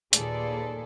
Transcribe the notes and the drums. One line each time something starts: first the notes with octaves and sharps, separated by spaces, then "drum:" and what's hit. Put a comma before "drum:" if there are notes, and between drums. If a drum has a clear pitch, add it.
D#2 A#2 G#4 A4 B4 D5, drum: hi-hat